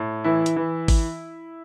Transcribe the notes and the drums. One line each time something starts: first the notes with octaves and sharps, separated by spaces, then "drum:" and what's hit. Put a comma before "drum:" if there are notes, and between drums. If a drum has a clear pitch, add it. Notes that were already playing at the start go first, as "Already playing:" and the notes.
Already playing: A2
E3 E4
drum: hi-hat
E3
drum: kick G#1, open hi-hat